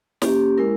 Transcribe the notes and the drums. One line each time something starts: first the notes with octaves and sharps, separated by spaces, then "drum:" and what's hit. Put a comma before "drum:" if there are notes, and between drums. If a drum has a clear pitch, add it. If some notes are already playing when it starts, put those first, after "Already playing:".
A#3 C#4 G4, drum: snare
G#3 E4 A#4